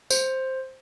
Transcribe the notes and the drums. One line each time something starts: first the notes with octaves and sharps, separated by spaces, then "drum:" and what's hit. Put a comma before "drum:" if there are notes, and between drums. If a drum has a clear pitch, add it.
C5, drum: tambourine